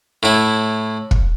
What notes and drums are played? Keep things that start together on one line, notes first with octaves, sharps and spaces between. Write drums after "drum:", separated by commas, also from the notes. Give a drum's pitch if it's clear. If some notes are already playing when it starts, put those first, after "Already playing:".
A2 E4
drum: kick